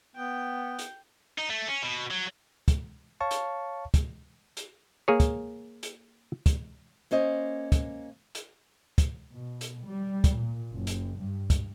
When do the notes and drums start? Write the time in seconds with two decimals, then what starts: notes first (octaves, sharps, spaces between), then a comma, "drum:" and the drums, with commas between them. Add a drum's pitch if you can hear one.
0.16 B3 G5
0.79 drum: hi-hat
1.38 D#4
1.50 A3
1.68 C#4
1.83 B2
2.11 F#3
2.68 drum: kick, hi-hat
3.21 C#5 F5 A5 C#6
3.31 drum: hi-hat
3.94 drum: kick, hi-hat
4.57 drum: hi-hat
5.08 A#3 G#4 C#5
5.20 drum: kick, hi-hat
5.83 drum: hi-hat
6.46 drum: kick, hi-hat
7.11 A#3 C#4 C5 D#5
7.72 drum: kick, hi-hat
8.35 drum: hi-hat
8.98 drum: kick, hi-hat
9.32 B2
9.61 drum: hi-hat
9.84 G3
10.24 drum: kick, hi-hat
10.38 A#2
10.74 F#1
10.87 drum: hi-hat
11.18 G2
11.50 drum: kick, hi-hat